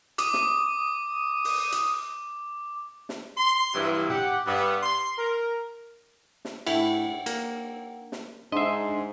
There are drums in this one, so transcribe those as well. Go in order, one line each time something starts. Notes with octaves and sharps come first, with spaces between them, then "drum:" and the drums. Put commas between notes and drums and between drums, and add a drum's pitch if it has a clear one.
D6 D#6, drum: hi-hat
drum: snare
drum: open hi-hat
drum: hi-hat
drum: snare
C6
G2 C3 E3 F#3 E4
G4 F#5, drum: tom G#2
G2 B3
C6
A#4
drum: snare
A2 D4 E4 F#5 G5, drum: cymbal
A#3, drum: hi-hat
drum: snare
G#2 D4 D#4 D#5 E5 C6 C7